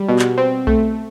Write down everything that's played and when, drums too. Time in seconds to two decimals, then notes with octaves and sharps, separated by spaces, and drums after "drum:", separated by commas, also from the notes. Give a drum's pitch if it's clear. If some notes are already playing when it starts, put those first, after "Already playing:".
Already playing: G3
0.09 B2
0.19 drum: clap
0.38 C4
0.67 A3, drum: kick B1